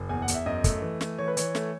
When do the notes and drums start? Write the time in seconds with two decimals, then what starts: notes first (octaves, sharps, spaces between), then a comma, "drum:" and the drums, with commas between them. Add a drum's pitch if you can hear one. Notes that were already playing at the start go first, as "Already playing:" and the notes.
Already playing: F#1
0.09 E2 G#5
0.22 F#5
0.28 E2, drum: hi-hat
0.34 E5
0.46 F#2 D#5
0.64 A3, drum: kick, hi-hat
0.82 E3
1.01 A3, drum: snare
1.18 E3 C#5
1.28 B4
1.37 E3 C#5, drum: hi-hat
1.55 A3, drum: snare